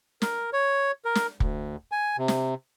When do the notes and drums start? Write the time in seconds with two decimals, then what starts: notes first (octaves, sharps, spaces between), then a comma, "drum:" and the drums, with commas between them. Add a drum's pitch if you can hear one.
0.22 A#4, drum: snare
0.53 C#5
1.05 A#4
1.15 drum: snare
1.40 D2, drum: kick
1.92 G#5
2.18 C3
2.28 drum: snare